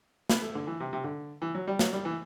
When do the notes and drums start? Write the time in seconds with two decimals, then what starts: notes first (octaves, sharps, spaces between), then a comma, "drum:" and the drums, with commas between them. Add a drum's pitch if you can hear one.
0.30 B3, drum: snare
0.42 A3
0.55 D3
0.67 E3
0.80 C3
0.93 C3
1.04 D3
1.42 E3
1.55 F#3
1.67 G3
1.79 F#3, drum: snare
1.93 G3
2.05 E3